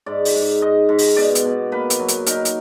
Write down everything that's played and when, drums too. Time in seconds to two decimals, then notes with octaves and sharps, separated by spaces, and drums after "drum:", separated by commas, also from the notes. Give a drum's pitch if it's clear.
0.06 G#2 D5
0.25 drum: open hi-hat
0.35 G#2
0.61 G#2 D#5
0.89 G#2
0.98 drum: open hi-hat
1.17 B2 D5
1.35 drum: hi-hat
1.45 B2
1.72 A#3 B4
1.90 drum: hi-hat
1.99 F#3
2.08 drum: hi-hat
2.26 D#4 A#4, drum: hi-hat
2.45 drum: hi-hat